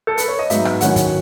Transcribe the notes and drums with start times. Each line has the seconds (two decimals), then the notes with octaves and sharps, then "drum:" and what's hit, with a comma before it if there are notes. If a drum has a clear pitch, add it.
0.07 A4
0.18 B4, drum: hi-hat
0.28 C#5
0.39 D#5
0.50 G#2 F#3 B3 D#4 E5, drum: hi-hat
0.65 drum: rim click
0.81 D#3 F#3 C#4 E4 F#5, drum: hi-hat
0.96 drum: kick, hi-hat